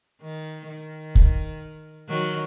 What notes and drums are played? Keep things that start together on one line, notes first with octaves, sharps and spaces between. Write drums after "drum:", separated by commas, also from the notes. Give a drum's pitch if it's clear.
D#3
D#3
drum: kick
D#3 F#3